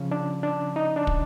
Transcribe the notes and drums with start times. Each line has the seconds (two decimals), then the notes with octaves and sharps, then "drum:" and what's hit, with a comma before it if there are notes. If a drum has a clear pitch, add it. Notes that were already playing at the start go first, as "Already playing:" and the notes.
Already playing: C#3 F3 C#4
0.12 D4
0.43 D4
0.76 D#4
0.96 D4
1.07 drum: kick